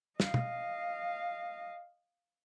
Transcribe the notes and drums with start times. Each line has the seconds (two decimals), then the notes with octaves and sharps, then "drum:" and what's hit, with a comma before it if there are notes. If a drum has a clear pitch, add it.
0.20 D#5 F5, drum: snare
0.34 drum: tom